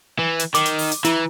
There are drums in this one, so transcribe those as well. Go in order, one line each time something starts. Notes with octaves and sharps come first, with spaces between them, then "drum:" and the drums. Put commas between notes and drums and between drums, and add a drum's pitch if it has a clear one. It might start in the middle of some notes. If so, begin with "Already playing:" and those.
E3
drum: hi-hat
D#3 D6, drum: hi-hat
drum: hi-hat
drum: open hi-hat
drum: hi-hat
E3 E4, drum: hi-hat